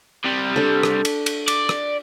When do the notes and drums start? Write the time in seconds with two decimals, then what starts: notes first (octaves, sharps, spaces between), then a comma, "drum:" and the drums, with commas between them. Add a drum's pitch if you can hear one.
0.25 C3 G3
0.56 D4 A4
0.83 drum: rim click
1.05 drum: cymbal
1.26 drum: cymbal
1.48 D5, drum: cymbal
1.69 drum: rim click